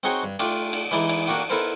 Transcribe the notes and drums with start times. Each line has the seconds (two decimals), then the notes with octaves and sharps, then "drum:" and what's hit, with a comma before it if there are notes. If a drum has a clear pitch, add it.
0.03 C4 D#4 F#4 G#4 C#5 G5
0.23 G2
0.39 A3 D4 F4 G4, drum: cymbal
0.73 drum: cymbal
0.91 E3 G#3 D#4 E4 D5
1.09 drum: cymbal
1.28 A#3 D4 F#4 G4
1.50 B3 E4 A4 A#4 C5